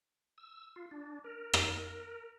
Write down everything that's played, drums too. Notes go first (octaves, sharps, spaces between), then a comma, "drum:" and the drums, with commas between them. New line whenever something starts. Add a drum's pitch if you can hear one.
E6
F4
D4
A#4
drum: rim click
A#4